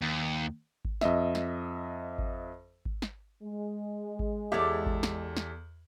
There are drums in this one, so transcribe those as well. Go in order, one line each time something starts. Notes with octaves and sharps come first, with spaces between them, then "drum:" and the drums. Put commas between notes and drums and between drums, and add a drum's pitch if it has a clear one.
D#2
drum: kick G#1
F2 D#5 E5, drum: snare
drum: snare
drum: kick G#1
drum: kick G#1
drum: snare
G#3
drum: kick G#1
E2 G4 A4 C#5 D5 E5
drum: kick G#1
drum: snare
drum: snare